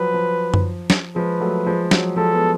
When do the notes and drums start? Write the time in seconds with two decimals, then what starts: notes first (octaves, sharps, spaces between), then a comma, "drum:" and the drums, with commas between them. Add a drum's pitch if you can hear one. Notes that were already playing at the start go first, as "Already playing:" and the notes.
Already playing: F3 F#3 B4
0.14 F3
0.54 drum: tom F#2
0.90 drum: snare
1.15 F3 G#3 B4
1.40 F#3 A3
1.66 F3 G#3
1.91 F#3, drum: snare
2.16 F3 G#3 A4
2.33 G#3 B3